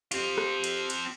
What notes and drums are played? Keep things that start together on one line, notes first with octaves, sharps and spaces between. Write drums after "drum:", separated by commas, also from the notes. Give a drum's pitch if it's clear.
C4 F4 G4, drum: cymbal
drum: rim click
drum: cymbal
drum: cymbal